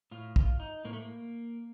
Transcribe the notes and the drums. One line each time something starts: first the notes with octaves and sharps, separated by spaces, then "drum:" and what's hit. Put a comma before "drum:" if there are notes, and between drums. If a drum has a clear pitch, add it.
A2 F4
F4, drum: kick
D#4
A2 A#3
A3
A#3